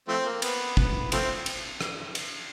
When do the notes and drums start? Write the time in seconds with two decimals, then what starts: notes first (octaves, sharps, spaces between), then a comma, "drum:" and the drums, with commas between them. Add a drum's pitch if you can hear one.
0.08 F3 A3 C4
0.26 A#3
0.42 B3, drum: cymbal
0.77 B3, drum: kick
1.12 F3 A3 C4, drum: cymbal
1.46 drum: cymbal
1.81 drum: rim click
2.15 drum: cymbal